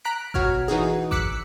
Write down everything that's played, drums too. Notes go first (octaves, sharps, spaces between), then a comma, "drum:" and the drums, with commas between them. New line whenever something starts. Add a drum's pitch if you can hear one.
A#5 F#6 B6 D7
B2 F#4 C#5 F6, drum: kick G#1
E3 D#4 F#4 G#4
D6 E6 F#6 B6 C#7, drum: kick G#1